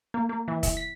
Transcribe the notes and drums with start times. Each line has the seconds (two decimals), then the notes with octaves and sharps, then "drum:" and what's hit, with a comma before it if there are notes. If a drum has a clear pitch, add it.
0.14 A#3
0.29 A#3
0.48 E3
0.63 E5, drum: kick, hi-hat
0.77 B6